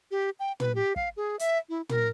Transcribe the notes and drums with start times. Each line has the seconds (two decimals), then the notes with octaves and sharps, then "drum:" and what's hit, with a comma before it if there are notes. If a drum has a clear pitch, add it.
0.11 G4
0.40 G5
0.60 B4, drum: tom
0.75 G4
0.96 F5, drum: kick
1.17 G#4
1.39 E5, drum: hi-hat
1.69 E4
1.89 A#4, drum: tom